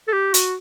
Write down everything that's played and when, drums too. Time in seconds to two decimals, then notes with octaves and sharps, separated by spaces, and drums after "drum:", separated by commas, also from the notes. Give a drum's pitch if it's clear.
0.08 A4
0.13 G4
0.34 F#4, drum: hi-hat